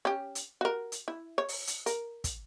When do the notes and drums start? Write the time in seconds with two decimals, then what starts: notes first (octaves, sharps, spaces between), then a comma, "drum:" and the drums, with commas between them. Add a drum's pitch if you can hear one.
0.05 C#4 G4
0.35 drum: hi-hat
0.61 F#4 A#4
0.92 drum: hi-hat
1.08 E4
1.38 C#5
1.48 drum: open hi-hat
1.67 drum: hi-hat
1.86 A#4, drum: hi-hat
2.24 drum: kick, hi-hat